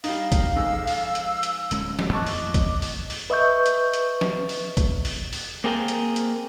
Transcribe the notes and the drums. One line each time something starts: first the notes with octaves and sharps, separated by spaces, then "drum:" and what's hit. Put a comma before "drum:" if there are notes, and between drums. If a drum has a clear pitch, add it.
G3 D#4 F5, drum: open hi-hat
drum: kick, hi-hat
F2 G#2 E6
drum: open hi-hat
drum: hi-hat
drum: hi-hat
D1 G#3 C#4, drum: hi-hat
drum: snare
A1 F2 D#5 A5 C#6 D6 F#6
drum: open hi-hat
drum: kick, hi-hat
drum: open hi-hat
drum: open hi-hat
B4 D#5 E5 C#6 G6
drum: hi-hat
drum: hi-hat
drum: snare
drum: open hi-hat
drum: kick, hi-hat
drum: open hi-hat
drum: open hi-hat
A#3 C4 G#4 A#4 G5
drum: hi-hat
drum: hi-hat